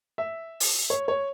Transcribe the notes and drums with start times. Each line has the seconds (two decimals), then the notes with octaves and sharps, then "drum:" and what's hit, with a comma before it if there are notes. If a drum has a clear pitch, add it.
0.18 E5
0.60 drum: open hi-hat
0.90 C#5
1.08 C#5